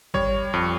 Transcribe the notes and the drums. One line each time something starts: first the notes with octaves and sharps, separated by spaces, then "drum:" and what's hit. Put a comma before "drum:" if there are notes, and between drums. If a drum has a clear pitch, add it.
G3 C#5, drum: kick G#1
F2